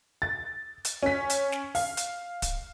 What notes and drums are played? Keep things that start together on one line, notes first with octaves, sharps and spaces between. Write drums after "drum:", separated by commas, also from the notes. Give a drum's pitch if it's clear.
A6
drum: hi-hat
C#4 B6
drum: hi-hat
drum: snare
F5, drum: open hi-hat
drum: hi-hat
drum: kick, hi-hat